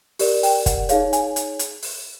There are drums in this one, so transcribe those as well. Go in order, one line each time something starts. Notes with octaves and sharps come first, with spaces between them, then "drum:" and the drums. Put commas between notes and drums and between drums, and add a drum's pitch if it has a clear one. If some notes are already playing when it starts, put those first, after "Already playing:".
G4 A#4 D5, drum: open hi-hat
G5, drum: open hi-hat
F#5, drum: kick, hi-hat
D#4 G#4 C#5 F5, drum: hi-hat
G#5, drum: hi-hat
drum: hi-hat
drum: hi-hat
drum: open hi-hat